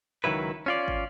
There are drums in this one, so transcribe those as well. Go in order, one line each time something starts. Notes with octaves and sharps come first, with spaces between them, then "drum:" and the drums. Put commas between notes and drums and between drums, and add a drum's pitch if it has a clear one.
C#2 D#3 F#3 E4 B4
C#4 F4 D5
drum: kick